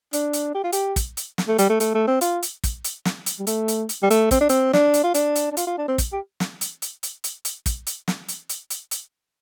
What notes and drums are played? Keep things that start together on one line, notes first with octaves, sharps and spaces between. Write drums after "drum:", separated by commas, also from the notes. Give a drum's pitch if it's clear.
D4, drum: hi-hat
drum: hi-hat
G4
F4
G4, drum: hi-hat
drum: kick, hi-hat
drum: hi-hat
drum: snare
A3
G3, drum: hi-hat
A3
A3, drum: hi-hat
A3
C4
F4, drum: hi-hat
drum: hi-hat
drum: kick, hi-hat
drum: hi-hat
drum: snare
drum: hi-hat
G3
A3, drum: hi-hat
drum: hi-hat
drum: hi-hat
G3
A3, drum: hi-hat
C4, drum: kick, hi-hat
D4
C4, drum: hi-hat
D4, drum: snare
drum: hi-hat
F4
D4, drum: hi-hat
drum: hi-hat
D4
F4, drum: hi-hat
F4
D4
C4
drum: kick, hi-hat
G4
drum: snare
drum: hi-hat
drum: hi-hat
drum: hi-hat
drum: hi-hat
drum: hi-hat
drum: kick, hi-hat
drum: hi-hat
drum: snare
drum: hi-hat
drum: hi-hat
drum: hi-hat
drum: hi-hat